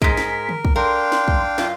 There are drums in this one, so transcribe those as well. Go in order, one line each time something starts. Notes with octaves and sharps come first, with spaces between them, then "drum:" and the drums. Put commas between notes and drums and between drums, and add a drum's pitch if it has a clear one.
G#2 G#3 A#4 B6, drum: kick
drum: snare
drum: tom D3
drum: kick
D4 A#4 F5 G5 C6
drum: snare
drum: kick
F#2 F4, drum: snare